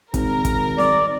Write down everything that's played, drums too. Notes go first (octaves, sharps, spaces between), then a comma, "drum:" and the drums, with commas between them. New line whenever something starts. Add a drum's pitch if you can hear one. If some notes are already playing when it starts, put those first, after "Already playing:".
G#1 A#4, drum: kick, hi-hat
drum: kick, hi-hat
D5, drum: snare C4